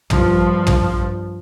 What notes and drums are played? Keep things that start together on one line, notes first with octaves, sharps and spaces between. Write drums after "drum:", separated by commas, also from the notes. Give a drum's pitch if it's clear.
G2 F3, drum: tom
drum: tom